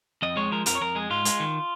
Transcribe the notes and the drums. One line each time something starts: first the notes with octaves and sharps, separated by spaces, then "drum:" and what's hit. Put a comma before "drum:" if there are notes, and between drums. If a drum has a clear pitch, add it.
F2 D#5
G#3 C#5
F3 A#4
F2 A#4, drum: hi-hat
C#5
F2 A#4
G#3 G#4
G#2 F4
G#3, drum: hi-hat
D#3